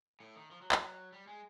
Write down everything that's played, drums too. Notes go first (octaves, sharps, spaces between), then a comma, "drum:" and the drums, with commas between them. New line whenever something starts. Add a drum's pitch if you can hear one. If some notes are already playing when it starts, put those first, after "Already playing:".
A2
D#3
F3
F#3
F#3, drum: clap
G3
G#3